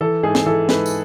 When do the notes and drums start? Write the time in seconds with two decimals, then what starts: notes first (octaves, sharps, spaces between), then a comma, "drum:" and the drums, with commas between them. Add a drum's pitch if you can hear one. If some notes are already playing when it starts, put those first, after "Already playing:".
0.01 E3 A4
0.23 G#2 G#4
0.35 drum: snare
0.46 E3 A4
0.69 G#2 B4, drum: snare
0.86 drum: tambourine